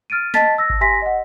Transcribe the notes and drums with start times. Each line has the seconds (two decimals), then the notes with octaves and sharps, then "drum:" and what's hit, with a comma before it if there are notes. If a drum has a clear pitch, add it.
0.10 F6 A6 D7 D#7
0.34 D#5 A5 A6 B6, drum: snare
0.58 E6 A#6
0.70 drum: kick G#1
0.81 G4 E5 G#5 C6 A#6 B6
1.02 D#5 F#5